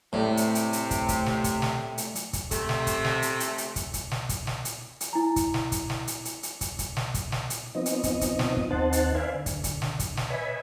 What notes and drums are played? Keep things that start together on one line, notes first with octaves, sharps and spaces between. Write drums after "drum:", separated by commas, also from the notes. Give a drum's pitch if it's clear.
A2 C3 A3 C#5 D5
drum: hi-hat
drum: hi-hat
drum: hi-hat
drum: kick, hi-hat
drum: kick, hi-hat
drum: snare
drum: kick, hi-hat
drum: snare
drum: hi-hat
drum: hi-hat
drum: kick, hi-hat
C3 A3, drum: kick, hi-hat
drum: snare
drum: kick, hi-hat
drum: snare
drum: hi-hat
drum: hi-hat
drum: hi-hat
drum: kick, hi-hat
drum: kick, hi-hat
drum: snare
drum: kick, hi-hat
drum: snare
drum: hi-hat
drum: hi-hat
E4 G#5 A#5
drum: kick, hi-hat
drum: snare
drum: kick, hi-hat
drum: snare
drum: hi-hat
drum: hi-hat
drum: hi-hat
drum: kick, hi-hat
drum: kick, hi-hat
drum: snare
drum: kick, hi-hat
drum: snare
drum: hi-hat
F3 B3 C4 D#4 D#5
drum: hi-hat
drum: kick, hi-hat
drum: kick, hi-hat
drum: snare
drum: kick
D#2 C4 D#4 C5 F#5 A5
drum: hi-hat
B4 C5 D5 E5 F5 G#5
D3
drum: kick, hi-hat
drum: kick, hi-hat
drum: snare
drum: kick, hi-hat
drum: snare
B4 C#5 D#5 E5 G#5 B5